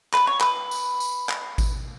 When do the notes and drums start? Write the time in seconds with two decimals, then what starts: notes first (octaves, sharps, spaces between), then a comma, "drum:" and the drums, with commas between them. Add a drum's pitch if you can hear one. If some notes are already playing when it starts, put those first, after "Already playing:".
0.14 B4, drum: clap
0.27 C#5
0.41 B4, drum: clap
0.71 drum: tambourine
1.00 drum: tambourine
1.29 drum: clap
1.58 drum: kick G#1, tambourine